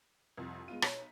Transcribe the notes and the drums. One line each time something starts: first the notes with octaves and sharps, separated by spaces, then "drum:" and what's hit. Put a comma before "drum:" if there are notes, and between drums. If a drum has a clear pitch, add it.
C2 F2
G#3 B3 F4 D#7
B1 C#5 B6, drum: rim click